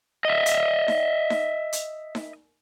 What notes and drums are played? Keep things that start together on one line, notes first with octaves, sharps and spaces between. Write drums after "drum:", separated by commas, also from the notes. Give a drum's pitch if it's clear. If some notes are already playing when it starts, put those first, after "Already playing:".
D#5 E5
drum: hi-hat
drum: snare D#4
drum: snare D#4
drum: hi-hat
drum: snare D#4